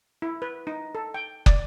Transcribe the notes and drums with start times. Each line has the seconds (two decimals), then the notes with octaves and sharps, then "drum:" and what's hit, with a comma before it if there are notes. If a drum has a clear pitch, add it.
0.22 E4
0.42 B4
0.67 D#4
0.95 A4
1.14 G5
1.46 D5, drum: kick